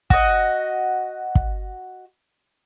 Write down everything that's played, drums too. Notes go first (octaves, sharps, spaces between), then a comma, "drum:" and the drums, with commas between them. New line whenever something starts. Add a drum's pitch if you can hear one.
F#4 D#5, drum: kick
drum: kick